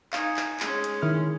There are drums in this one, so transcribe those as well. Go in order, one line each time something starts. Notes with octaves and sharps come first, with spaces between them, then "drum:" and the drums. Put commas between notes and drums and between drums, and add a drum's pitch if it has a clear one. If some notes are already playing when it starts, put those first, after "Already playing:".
D#4 F5 G#5 C#7, drum: clap
drum: clap
G#3 C#4, drum: clap
drum: hi-hat
D#3 E4 F6